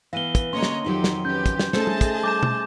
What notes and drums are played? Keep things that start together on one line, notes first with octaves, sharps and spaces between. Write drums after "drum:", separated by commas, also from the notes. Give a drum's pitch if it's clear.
E3 B3 F5 A#6 D#7 G7
drum: kick, hi-hat
D3 A#3 C#4 C#5 D#5 A#5 C6
drum: snare
F2 D#3 F#3 D#4 F4 G4
drum: snare
C#4 G4 B4 G6
drum: kick, hi-hat
drum: snare
A3 C#4 G#4 A4 C5 D#5 A5, drum: snare
drum: tom
drum: kick, hi-hat
G3 D6 G6 E7
drum: tom